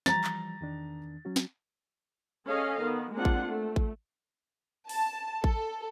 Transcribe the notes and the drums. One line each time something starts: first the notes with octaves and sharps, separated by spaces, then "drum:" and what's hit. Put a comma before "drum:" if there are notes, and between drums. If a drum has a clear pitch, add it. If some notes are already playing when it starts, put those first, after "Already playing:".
E3 F3 G3 A#5 A6, drum: snare
drum: clap
E2 D#3 D4
F#3 C#4 F#4
drum: snare
C#4 G#4 A4 D#5 F5
D#3 B3
G#3 A#3 C4 D4 F4 F#5
drum: kick A1
A3
drum: kick A1
A5, drum: open hi-hat
A4, drum: kick A1